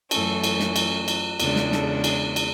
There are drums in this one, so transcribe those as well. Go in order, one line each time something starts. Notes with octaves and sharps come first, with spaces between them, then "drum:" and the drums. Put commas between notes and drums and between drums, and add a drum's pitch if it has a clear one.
F#2 E3 A3 C#4 A4, drum: cymbal
drum: cymbal
drum: snare
drum: cymbal
drum: cymbal
E2 C#3 G#3 D4, drum: cymbal
drum: snare
A4, drum: snare
G#4, drum: cymbal
drum: cymbal